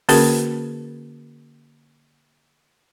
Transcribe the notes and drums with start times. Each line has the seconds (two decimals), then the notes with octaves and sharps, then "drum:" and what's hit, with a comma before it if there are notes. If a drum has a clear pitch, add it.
0.09 D3 A#3 C#4 F#4 G#4 A#4, drum: open hi-hat